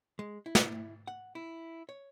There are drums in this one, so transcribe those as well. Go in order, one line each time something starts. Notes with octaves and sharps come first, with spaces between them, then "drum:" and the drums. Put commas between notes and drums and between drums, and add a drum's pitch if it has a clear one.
G#3
E4
drum: snare
F#5
E4
C#5